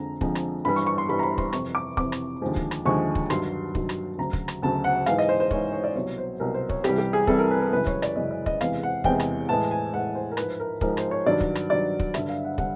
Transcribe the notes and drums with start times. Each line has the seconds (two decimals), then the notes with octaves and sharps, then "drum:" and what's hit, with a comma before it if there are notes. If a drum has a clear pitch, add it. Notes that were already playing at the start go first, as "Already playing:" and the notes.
Already playing: F2 D3 F3 G#3 A#5
0.21 F2 D3 F3 G#3, drum: kick
0.35 drum: rim click
0.65 G2 E3 G3 B5
0.76 C#6
0.87 C#6
0.98 C6
1.09 G2 E3 G3 B5
1.19 A#5
1.23 B5
1.38 C6, drum: kick
1.53 F2 C3 E3 C#6, drum: rim click
1.75 D6
1.97 F2 C3 E3 D6, drum: kick
2.12 drum: rim click
2.41 D#2 D3 F3 G#3
2.56 drum: kick
2.71 drum: rim click
2.85 D#2 D3 F3 G#3 C#6
3.15 drum: kick
3.30 G2 D#3 F#3 C6, drum: rim click
3.75 G2 D#3 F#3, drum: kick
3.89 drum: rim click
4.18 D2 C#3 F#3 A#5
4.33 drum: kick
4.48 drum: rim click
4.62 D2 C#3 F#3 A5
4.84 F#5
5.06 G#2 E3 G#3 F5, drum: rim click
5.19 D#5
5.29 C5
5.40 C5
5.51 G#2 E3 G#3 C#5, drum: kick
5.73 C#5
5.84 D5
5.95 C2 B2 F#3 C#5
6.18 C5
6.40 C2 B2 F#3 A#4
6.54 C5
6.69 C#5, drum: kick
6.84 C2 C3 E3 G3 G4, drum: rim click
6.98 G4
7.13 G#4
7.27 C2 C3 E3 G3 A4, drum: kick
7.39 A#4
7.51 B4
7.61 A#4
7.72 F#2 C#3 E3 G#3 B4
7.87 C#5, drum: kick
8.02 D5, drum: rim click
8.16 F#2 C#3 E3 G#3 D#5
8.31 D#5
8.46 D#5, drum: kick
8.61 E2 C3 E3 G#3 F5, drum: rim click
8.83 F#5
9.04 E2 C3 E3 G#3 G5, drum: kick
9.20 drum: rim click
9.49 A2 E3 G#3 A5
9.71 G#5
9.93 A2 E3 G#3 F#5
10.15 C5
10.32 A#4
10.37 G#2 F3 G#3 B4, drum: rim click
10.60 A#4
10.81 G#2 F3 G#3 A#4, drum: kick
10.97 C5, drum: rim click
11.11 C#5
11.26 G2 D#3 F#3 D5
11.41 drum: kick
11.55 drum: rim click
11.70 G2 D#3 F#3 D5
12.00 drum: kick
12.14 G2 D3 G3 E5, drum: rim click
12.29 F5
12.44 F#5
12.58 D3 G3 F#5, drum: kick